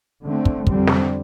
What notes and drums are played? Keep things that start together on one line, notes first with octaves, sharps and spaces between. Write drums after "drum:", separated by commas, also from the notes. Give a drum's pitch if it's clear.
D3 A3 C4
drum: kick
F2 D3 G3 C4, drum: kick
drum: snare